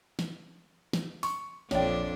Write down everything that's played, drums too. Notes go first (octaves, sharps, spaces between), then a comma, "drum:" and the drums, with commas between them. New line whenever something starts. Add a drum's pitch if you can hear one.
drum: snare
drum: snare
C#6, drum: open hi-hat
A#1 F2 D4 C#5 D5 G5, drum: snare